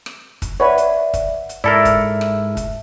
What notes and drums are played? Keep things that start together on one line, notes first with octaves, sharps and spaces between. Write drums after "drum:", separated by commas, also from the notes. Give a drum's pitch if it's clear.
drum: rim click
drum: kick, hi-hat
B4 C#5 D5 E5 F#5
drum: hi-hat
drum: kick, hi-hat
drum: hi-hat
G#2 E4 A4 A#4 D5 E5
drum: kick, hi-hat
drum: rim click
drum: kick, hi-hat